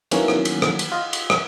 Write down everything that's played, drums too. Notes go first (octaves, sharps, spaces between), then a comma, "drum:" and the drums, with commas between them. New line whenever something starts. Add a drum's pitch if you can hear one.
D#3 E3 F#3 A#3 B3 C#4, drum: cymbal
drum: rim click
drum: cymbal
drum: rim click
drum: cymbal
F4 D#5
drum: cymbal
drum: rim click